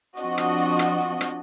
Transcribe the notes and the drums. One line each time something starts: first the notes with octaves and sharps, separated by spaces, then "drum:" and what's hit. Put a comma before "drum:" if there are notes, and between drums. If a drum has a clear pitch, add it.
F3 C4 D4 F#4 D#5, drum: hi-hat
drum: rim click
drum: hi-hat
drum: rim click
drum: hi-hat
drum: rim click